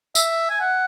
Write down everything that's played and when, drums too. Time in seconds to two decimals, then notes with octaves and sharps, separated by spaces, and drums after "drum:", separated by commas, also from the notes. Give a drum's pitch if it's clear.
0.15 E5, drum: tambourine
0.50 G#5
0.60 F#5